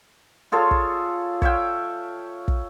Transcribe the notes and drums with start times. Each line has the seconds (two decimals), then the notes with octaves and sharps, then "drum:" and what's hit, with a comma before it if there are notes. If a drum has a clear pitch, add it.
0.52 F4 G#4 A4 C#5
0.71 drum: kick
1.42 C#5 E5 F5 G5, drum: kick
2.48 drum: kick